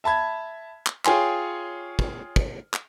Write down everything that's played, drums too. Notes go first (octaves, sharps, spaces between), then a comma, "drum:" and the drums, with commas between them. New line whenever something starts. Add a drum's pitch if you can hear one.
E5 A5 B5 G#6
drum: clap
F4 G#4 C#5 G5 G#5 C6, drum: clap
drum: kick
drum: kick
drum: clap